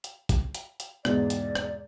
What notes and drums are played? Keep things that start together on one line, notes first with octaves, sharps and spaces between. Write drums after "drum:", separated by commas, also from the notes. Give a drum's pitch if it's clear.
drum: hi-hat
drum: kick, hi-hat
drum: hi-hat
drum: hi-hat
E2 G#2 B2 D5, drum: rim click
drum: hi-hat
drum: rim click